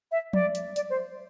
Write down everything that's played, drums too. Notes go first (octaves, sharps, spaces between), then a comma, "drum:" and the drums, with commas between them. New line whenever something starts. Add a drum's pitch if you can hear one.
E5
D5, drum: tom F3
drum: hi-hat
D5, drum: hi-hat
C5